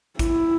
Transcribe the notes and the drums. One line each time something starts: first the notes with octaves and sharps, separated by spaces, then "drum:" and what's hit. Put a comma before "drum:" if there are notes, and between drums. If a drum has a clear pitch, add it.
E4, drum: kick, hi-hat